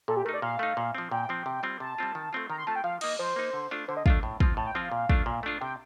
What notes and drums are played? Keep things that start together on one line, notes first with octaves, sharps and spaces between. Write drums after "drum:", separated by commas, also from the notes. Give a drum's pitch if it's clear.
A#2 A4
G4
A3 D#4 A#4
D5
A#2 F5
A3 D#4
A#2
F3 C4
A#2 G5
F3 C4
C3
G3 C4 F4
C3 A5
G3 C4 F4
D#3
A3 C4 F4
D#3 A#5
C6
A3 C4 F4 A5
G5
F3 F5
A#3 D#4 D#5, drum: cymbal
F3 C5
A#3 D#4
D3
A3 D4 F4
D3 C5
D#5
A3 D4 F4 F5, drum: kick
A2
F3 C4 F4, drum: kick
A2 A5
G5
F3 C4 F4 F5
A#2
A3 D4 F4, drum: kick
A#2
A3 D4 F4
C3 G5